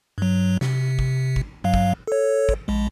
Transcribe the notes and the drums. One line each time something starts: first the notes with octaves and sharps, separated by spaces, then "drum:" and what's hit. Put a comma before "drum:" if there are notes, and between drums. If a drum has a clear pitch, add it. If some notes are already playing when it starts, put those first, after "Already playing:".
G2 F#3
C3, drum: snare
drum: kick
drum: kick
G2 F#3 F5
drum: kick
A4 C#5
drum: kick
A#1 G#3